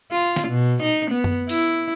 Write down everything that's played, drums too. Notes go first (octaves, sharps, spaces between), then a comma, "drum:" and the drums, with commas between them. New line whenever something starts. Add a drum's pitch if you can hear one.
F4
drum: snare
B2
D#4
B3
drum: tom F#2
E4, drum: open hi-hat